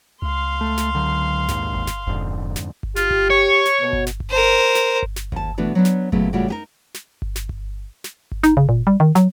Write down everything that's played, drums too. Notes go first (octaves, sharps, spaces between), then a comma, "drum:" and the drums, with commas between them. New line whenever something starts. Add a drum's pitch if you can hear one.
C#2 F5 C6
A3
drum: snare
D3 F#3
A#1 D#2 G#2, drum: snare
drum: kick G1
drum: snare
E1 F2 G#2 D3
drum: snare
drum: kick G1
F4 G4, drum: snare
drum: kick G1
C#5 C#6
drum: snare
B2
drum: kick G1
drum: snare
drum: kick G1
A#4 C5
drum: snare
drum: kick G1
drum: snare
D#2 A5, drum: kick G1
B2 E3 A3 B3 D4 F#4
F#3 B3 D4
drum: snare
A#2 C#3 F#3 G#3 A3 B3, drum: kick G1
A2 C#3 G3 A3 F4 F#4
D#4 G4 A#4
drum: snare
drum: kick G1
drum: snare
drum: kick G1
drum: snare
drum: kick G1
D#4, drum: snare
C#3, drum: kick G1
A#2
G3
D#3
F#3, drum: snare